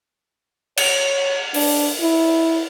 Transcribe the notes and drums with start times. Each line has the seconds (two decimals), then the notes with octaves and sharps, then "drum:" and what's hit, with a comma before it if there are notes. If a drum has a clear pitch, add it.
0.77 C#5, drum: cymbal
1.54 D4, drum: open hi-hat
2.01 E4